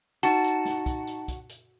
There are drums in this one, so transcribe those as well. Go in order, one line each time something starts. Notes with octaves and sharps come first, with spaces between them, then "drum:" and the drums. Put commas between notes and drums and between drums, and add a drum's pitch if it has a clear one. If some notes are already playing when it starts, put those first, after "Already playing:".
D#4 F#4 A5, drum: hi-hat
drum: hi-hat
drum: snare
drum: kick, hi-hat
drum: hi-hat
drum: kick, hi-hat
drum: hi-hat